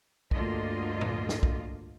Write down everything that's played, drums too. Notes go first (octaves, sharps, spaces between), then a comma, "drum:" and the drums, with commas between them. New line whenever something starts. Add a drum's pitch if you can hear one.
D2 G2 D3 A#3 F4 D#5, drum: kick
drum: tom A2
drum: snare
drum: kick